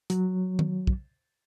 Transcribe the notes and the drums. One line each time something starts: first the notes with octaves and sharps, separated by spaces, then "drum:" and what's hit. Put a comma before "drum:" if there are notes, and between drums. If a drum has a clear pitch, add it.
F#3, drum: hi-hat
drum: tom D#3
drum: kick